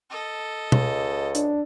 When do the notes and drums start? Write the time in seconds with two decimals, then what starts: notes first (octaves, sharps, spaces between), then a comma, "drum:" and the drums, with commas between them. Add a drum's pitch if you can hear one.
0.10 A4 D#5
0.72 C#2, drum: tom B2
1.35 D4, drum: hi-hat